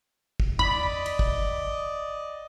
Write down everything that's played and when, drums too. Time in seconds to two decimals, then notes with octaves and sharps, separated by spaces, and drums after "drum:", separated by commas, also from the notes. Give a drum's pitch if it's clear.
0.40 drum: kick
0.59 D5 D#5 B5, drum: tom E2
1.06 drum: cymbal
1.19 drum: kick